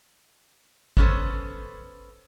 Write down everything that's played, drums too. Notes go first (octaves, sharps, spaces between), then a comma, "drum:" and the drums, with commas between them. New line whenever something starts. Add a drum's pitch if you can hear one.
B3 C#4 F4 A4 C5, drum: kick